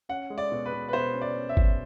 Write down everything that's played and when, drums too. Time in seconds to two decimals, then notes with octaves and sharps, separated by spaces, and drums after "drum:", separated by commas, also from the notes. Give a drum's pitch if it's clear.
0.09 C#4 F#5
0.30 G#3
0.38 D5
0.52 B2
0.66 B4
0.73 B2
0.89 B4
0.93 B2 C5
1.14 C#4
1.21 D5
1.36 C#4
1.49 E5
1.57 B2, drum: kick G#1